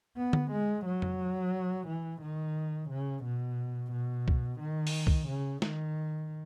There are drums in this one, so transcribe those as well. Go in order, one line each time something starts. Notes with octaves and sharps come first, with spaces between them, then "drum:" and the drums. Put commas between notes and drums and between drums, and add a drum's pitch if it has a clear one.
B3
drum: tom D3
G#3
F#3
drum: tom F2
E3
D#3
C#3
B2
B2
drum: kick
D#3
drum: open hi-hat
drum: kick
C#3
D#3, drum: snare